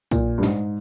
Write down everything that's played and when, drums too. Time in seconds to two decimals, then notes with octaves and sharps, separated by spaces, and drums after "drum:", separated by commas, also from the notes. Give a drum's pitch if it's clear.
0.11 A#2, drum: kick, tambourine
0.38 G2
0.43 G#2, drum: snare